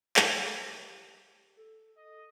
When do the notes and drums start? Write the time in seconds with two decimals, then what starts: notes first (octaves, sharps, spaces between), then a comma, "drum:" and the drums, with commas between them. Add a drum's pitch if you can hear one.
0.16 G4, drum: clap
1.57 A4
1.97 D#5